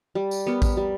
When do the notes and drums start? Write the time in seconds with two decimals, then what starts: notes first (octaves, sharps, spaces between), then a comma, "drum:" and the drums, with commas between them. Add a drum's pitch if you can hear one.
0.15 G3
0.31 drum: tambourine
0.47 B3 G4 A#4
0.62 drum: kick A1, tambourine
0.77 G3